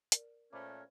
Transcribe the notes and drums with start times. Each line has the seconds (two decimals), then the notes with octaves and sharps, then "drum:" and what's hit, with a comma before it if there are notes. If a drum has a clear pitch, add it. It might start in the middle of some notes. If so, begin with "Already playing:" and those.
0.12 A#4 D5, drum: hi-hat
0.53 A#2 A3 C#4 A#4 C5 C#5 B5 D6